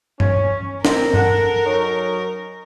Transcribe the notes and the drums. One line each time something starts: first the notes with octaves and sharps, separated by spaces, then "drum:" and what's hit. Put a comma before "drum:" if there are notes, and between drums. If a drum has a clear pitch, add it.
C#4, drum: tom G2
C4 A#4, drum: snare
A4 F#5, drum: tom G2
F#3 C#4 D#4